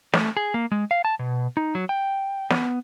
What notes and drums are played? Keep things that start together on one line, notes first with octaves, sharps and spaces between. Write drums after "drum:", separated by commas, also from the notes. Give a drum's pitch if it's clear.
A3, drum: snare
G#4
A#3
G#3
F5
A5
B2
D#4
F#3
G5
B3, drum: snare